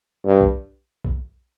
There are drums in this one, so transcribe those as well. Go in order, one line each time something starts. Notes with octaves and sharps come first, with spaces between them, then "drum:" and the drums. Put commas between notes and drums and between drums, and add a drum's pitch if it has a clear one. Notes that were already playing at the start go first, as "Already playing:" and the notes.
G2
drum: kick A#1
drum: kick A#1